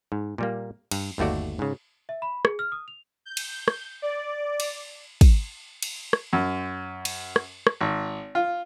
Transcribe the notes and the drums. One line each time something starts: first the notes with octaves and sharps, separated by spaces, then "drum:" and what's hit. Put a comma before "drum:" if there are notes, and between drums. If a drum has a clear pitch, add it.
G#2
A#2 G3 A#3
G2, drum: cymbal
G1 D#2 A3 F#4 D5
G#2 C#3
E5
B5
G#4, drum: rim click
F6
D#6
F7
G6
drum: cymbal
drum: rim click
D5
drum: cymbal
drum: kick, cymbal
drum: cymbal
drum: rim click
F#2
drum: cymbal
drum: rim click
drum: rim click
G#1
F4